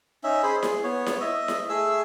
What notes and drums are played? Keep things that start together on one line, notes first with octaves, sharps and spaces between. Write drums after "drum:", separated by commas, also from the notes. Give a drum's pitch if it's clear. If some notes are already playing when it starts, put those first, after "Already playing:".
C#4 D#4 E5
G#4 C5 B5
G#4, drum: snare E4
B3 C#5
drum: snare E4
D#5 E5
drum: snare E4
A3 G#4 E5 E6